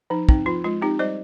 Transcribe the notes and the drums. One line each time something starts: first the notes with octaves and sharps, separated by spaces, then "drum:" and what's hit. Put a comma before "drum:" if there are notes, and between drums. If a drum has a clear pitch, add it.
F3 D#4
C4 D#4, drum: kick
F3 F4
G#3 F4
C4 D#4 G4
G3 C5 D#5